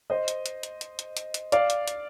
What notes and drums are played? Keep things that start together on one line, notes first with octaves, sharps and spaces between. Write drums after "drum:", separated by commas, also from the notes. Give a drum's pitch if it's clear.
C5 D#5
drum: hi-hat
drum: hi-hat
drum: hi-hat
drum: hi-hat
drum: hi-hat
drum: hi-hat
drum: hi-hat
D5 F5, drum: hi-hat
drum: hi-hat
drum: hi-hat